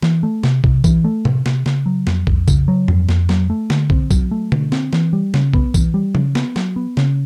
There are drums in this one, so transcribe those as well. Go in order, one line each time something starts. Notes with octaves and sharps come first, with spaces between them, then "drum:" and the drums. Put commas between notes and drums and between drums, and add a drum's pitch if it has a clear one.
E3, drum: snare
A3
C3, drum: snare
C3, drum: kick
E3, drum: kick, tambourine
A3
C3, drum: tom A2
C3, drum: snare
C#3, drum: snare
F#3
F2, drum: snare
F2, drum: kick
C#3, drum: kick, tambourine
F#3
F2, drum: tom G2
F2, drum: snare
F#3, drum: snare
A3
D3, drum: snare
C4, drum: kick
F#3, drum: kick, tambourine
A3
D3, drum: tom B2
C4, drum: snare
E3, drum: snare
G3
C#3, drum: snare
B3, drum: kick
E3, drum: kick, tambourine
G3
C#3, drum: tom F3
B3, drum: snare
F#3, drum: snare
B3
C#3, drum: snare